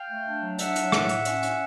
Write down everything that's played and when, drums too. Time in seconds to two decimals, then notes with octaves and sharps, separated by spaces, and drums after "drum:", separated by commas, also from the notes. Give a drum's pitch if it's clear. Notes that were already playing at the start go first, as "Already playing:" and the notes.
Already playing: F5 G5
0.09 A3
0.26 D4
0.42 F#3
0.58 D4 E5 F#5, drum: hi-hat
0.76 F#3, drum: hi-hat
0.92 A2, drum: rim click
1.09 A2, drum: hi-hat
1.25 C#4, drum: hi-hat
1.43 C#4, drum: hi-hat